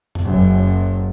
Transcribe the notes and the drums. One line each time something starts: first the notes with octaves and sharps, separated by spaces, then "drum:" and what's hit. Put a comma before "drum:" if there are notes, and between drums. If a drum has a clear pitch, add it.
drum: tom F2
F#1 F#2